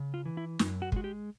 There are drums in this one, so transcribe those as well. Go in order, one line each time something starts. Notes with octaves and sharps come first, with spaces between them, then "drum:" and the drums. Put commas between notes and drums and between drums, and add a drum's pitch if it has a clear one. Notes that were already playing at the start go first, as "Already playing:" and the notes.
Already playing: C#3
F4
E3
E4
F#2, drum: snare
F#4
G#3 F#4, drum: kick
G4